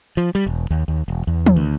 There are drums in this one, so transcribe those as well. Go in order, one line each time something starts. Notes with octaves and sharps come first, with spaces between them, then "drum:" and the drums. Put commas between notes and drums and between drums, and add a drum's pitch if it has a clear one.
F3
G3
E1
D#2
D#2
E1
E2
drum: tom
D2